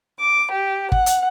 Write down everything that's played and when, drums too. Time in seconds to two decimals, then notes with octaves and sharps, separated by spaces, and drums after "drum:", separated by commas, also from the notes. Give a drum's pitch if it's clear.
0.19 D6
0.52 G4
0.92 F#5, drum: kick
1.06 drum: hi-hat